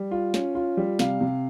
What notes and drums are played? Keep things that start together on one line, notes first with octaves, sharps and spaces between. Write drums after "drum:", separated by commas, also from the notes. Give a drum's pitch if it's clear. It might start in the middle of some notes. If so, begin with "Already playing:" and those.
Already playing: G3
F4
C#4, drum: snare
F4
G3
C3 F5, drum: snare
C3